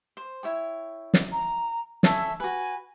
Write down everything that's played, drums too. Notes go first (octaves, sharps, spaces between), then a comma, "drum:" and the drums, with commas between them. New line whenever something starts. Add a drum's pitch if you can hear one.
C5
E4 C#5 G5
drum: snare
A#5
A4 C#5 E5 G#5, drum: snare
F#4 B4 G#5